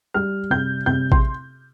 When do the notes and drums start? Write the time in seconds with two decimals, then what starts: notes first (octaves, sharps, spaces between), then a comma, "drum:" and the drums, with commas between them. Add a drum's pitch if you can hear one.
0.14 G3 F6
0.50 C3 G6
0.86 C3 G6
1.12 C6, drum: kick A1